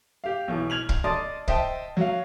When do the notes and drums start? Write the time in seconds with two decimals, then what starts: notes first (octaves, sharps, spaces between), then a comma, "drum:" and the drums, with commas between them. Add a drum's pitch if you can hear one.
0.24 G4 F5
0.48 B1 B2 E3
0.70 F6 G#6 F7 F#7
0.89 drum: kick
1.04 D5 D#5 A5 C6 D#6 A6
1.48 C5 D#5 E5 G5 A5, drum: kick
1.97 F#3 F5